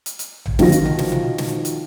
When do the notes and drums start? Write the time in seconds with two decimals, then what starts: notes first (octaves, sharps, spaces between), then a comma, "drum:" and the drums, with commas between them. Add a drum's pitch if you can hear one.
0.06 drum: hi-hat
0.19 drum: hi-hat
0.46 drum: tom A1
0.59 D#3 F3 F4 F#4 A#6, drum: snare
0.72 drum: hi-hat
0.85 drum: tom B2
0.99 drum: snare
1.12 drum: tom B2
1.38 drum: snare
1.65 drum: hi-hat